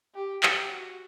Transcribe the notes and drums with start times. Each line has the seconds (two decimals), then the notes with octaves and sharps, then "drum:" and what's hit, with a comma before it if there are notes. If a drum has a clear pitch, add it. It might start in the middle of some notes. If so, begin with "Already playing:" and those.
0.15 G4
0.43 G4, drum: clap
0.71 F#4